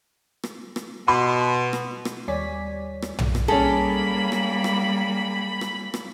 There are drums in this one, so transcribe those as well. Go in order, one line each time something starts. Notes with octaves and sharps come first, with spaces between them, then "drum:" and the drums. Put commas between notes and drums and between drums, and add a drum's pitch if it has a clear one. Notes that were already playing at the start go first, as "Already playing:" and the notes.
drum: rim click
drum: rim click
B2 C6
drum: rim click
drum: rim click
D#2 G3 C#5 D5 G#5 B6
drum: rim click
drum: tom
drum: rim click
G3 A#3 C#4 G#4 A4 A5 B5
drum: rim click
drum: rim click
drum: rim click
drum: rim click